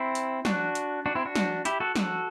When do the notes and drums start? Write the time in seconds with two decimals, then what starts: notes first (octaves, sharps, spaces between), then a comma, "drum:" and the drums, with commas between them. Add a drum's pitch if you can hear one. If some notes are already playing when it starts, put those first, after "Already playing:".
Already playing: C4 E4
0.15 drum: hi-hat
0.45 D4 F#4, drum: snare
0.75 drum: hi-hat
1.06 D4 F#4
1.15 C4 E4
1.25 D4 F#4
1.35 drum: snare
1.65 E4 G4, drum: hi-hat
1.80 F#4 A4
1.95 F#4 A4, drum: snare